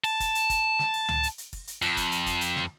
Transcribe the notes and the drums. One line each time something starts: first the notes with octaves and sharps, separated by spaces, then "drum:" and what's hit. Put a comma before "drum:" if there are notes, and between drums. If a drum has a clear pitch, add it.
A5, drum: open hi-hat
drum: kick, hi-hat
drum: hi-hat
drum: kick, hi-hat
drum: snare
drum: open hi-hat
drum: tom C#2
drum: hi-hat
drum: hi-hat
drum: kick, open hi-hat
drum: hi-hat
F2, drum: open hi-hat
drum: kick, hi-hat
drum: hi-hat
drum: kick, hi-hat
drum: hi-hat
drum: snare